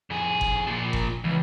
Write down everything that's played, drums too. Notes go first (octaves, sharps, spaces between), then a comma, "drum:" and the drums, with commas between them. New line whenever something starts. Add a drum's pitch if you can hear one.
F2 G#4
drum: kick G1
A#2 F3
drum: kick G1
C#2 E3